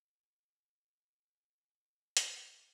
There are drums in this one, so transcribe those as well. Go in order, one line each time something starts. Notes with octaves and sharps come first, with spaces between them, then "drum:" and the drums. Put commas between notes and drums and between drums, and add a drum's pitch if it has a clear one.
A5
G#5
G#5
drum: hi-hat
G5